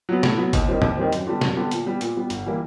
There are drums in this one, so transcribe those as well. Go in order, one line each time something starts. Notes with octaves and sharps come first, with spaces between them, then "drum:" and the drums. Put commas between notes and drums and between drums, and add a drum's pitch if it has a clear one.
F#3 B3
A2, drum: snare
F#3 B3
D#2, drum: kick G#1, hi-hat
D#3 G3 C4
D#2, drum: tom
D#3 G3 C4
F#2, drum: hi-hat
D3 G3 B3
F#2, drum: snare
D3 G3 B3
A#2, drum: hi-hat
G3 B3
A#2, drum: hi-hat
G3 B3
G1, drum: hi-hat
E3 G3 A#3